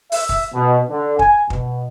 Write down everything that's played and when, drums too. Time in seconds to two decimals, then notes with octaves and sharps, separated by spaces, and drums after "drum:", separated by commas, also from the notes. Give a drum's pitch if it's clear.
0.12 E5, drum: open hi-hat
0.29 drum: kick
0.53 B2
0.90 D3
1.19 G#5, drum: kick
1.50 B2, drum: kick